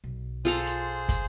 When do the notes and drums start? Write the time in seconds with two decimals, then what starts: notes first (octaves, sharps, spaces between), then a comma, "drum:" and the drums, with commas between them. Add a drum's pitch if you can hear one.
0.04 B1
0.45 F4 G#4 A4 C5 A#5
0.66 drum: hi-hat
1.09 drum: kick, hi-hat